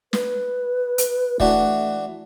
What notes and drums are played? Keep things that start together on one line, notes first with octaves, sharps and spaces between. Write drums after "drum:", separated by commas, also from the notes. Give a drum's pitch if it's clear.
B4, drum: snare
drum: hi-hat
E3 A3 D4 F#4, drum: kick